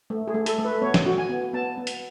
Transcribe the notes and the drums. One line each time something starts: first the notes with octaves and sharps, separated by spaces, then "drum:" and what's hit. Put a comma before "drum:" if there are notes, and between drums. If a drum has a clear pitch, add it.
A3
G#4
A3
A4, drum: hi-hat
A3
B4
B3 C#5
drum: snare
F#4
G#5
B3
B3 A5
B3
drum: hi-hat